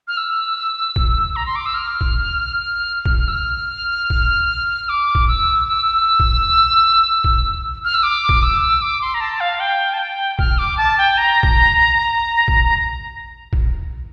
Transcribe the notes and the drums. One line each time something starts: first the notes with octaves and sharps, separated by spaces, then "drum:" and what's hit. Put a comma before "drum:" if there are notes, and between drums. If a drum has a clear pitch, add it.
F6
E6
drum: kick A1
A#5
C6
D6
E6
F6
drum: kick A1
drum: kick A1
E6
F6
drum: kick A1
D6
drum: kick A1
E6
E6
drum: kick A1
drum: kick A1
F6
E6
D6
drum: kick A1
E6
D6
C6
A#5
A5
F5
G5
A5
G5
F6, drum: kick A1
D6
A5
G5
A#5
drum: kick A1
drum: kick A1
A#5
drum: kick A1